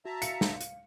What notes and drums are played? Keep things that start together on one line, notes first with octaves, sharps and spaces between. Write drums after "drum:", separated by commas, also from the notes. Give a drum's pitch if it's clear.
F#4 E5 A5 A#5
F5 C#7, drum: hi-hat
drum: snare
drum: hi-hat